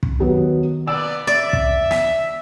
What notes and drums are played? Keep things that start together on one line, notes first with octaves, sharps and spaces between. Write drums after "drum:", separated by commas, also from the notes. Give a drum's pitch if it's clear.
drum: kick
D#3 F#3 B3
A#3 B3 D5 E6
D5 E5
drum: kick
B6, drum: snare